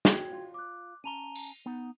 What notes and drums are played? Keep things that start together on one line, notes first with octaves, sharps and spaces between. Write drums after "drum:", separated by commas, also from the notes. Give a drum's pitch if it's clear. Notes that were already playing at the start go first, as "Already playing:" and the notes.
F#4 G5 G#6, drum: snare
F4
D6 F#6
C#4 A5 A#5 D#7 F7 G7
drum: tambourine
B3 D#4